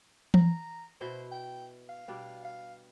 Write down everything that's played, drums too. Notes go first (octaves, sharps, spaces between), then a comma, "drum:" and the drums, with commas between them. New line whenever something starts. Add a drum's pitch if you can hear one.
A#5, drum: tom E3
B2 E4 C5
G5
F5
B2 G3 D4
F5